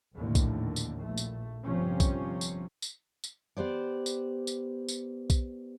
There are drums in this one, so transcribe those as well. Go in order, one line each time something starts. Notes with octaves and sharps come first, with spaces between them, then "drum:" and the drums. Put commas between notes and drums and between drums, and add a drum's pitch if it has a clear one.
A#1 D#2 A2 D3
drum: kick B1, tambourine
drum: tambourine
A#1 A3
drum: tambourine
G1 C3 F3 C#4
drum: kick B1, tambourine
drum: tambourine
drum: tambourine
drum: tambourine
B3 G4 C5 D5
drum: tambourine
drum: tambourine
drum: tambourine
drum: kick B1, tambourine